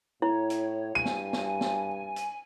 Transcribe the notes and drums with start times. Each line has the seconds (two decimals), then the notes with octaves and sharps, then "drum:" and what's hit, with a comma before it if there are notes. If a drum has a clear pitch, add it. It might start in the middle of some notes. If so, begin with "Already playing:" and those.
0.22 A2 E4 C#5
0.50 drum: hi-hat
0.95 G2 G#5 D#7
1.05 drum: snare
1.33 drum: snare
1.61 drum: snare
2.16 drum: hi-hat